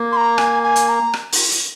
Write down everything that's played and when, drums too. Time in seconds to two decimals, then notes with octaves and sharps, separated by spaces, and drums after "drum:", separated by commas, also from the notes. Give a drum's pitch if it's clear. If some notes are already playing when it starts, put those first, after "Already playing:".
Already playing: A#3
0.12 C6
0.17 A#5
0.38 G#5, drum: rim click
0.63 G#5
0.76 drum: hi-hat
0.89 A#5
1.14 drum: rim click
1.32 drum: open hi-hat
1.51 drum: hi-hat